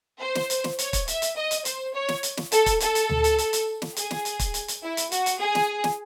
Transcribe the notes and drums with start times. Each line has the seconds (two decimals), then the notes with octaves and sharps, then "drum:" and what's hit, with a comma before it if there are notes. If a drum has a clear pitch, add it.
0.20 C5
0.35 drum: snare
0.50 drum: hi-hat
0.64 drum: snare
0.79 C#5, drum: hi-hat
0.93 drum: kick, hi-hat
1.08 E5, drum: hi-hat
1.22 drum: hi-hat
1.36 D#5
1.51 drum: hi-hat
1.65 C5, drum: hi-hat
1.94 C#5
2.08 drum: snare
2.23 drum: hi-hat
2.37 drum: snare
2.52 A4, drum: hi-hat
2.66 drum: kick, hi-hat
2.80 A4, drum: hi-hat
2.95 drum: hi-hat
3.10 drum: tom D2
3.24 drum: hi-hat
3.38 drum: hi-hat
3.53 drum: hi-hat
3.82 drum: snare
3.96 G#4, drum: hi-hat
4.11 drum: snare
4.25 drum: hi-hat
4.39 drum: kick, hi-hat
4.54 drum: hi-hat
4.68 drum: hi-hat
4.83 E4
4.97 drum: hi-hat
5.12 F#4, drum: hi-hat
5.26 drum: hi-hat
5.40 G#4
5.55 drum: snare
5.84 drum: snare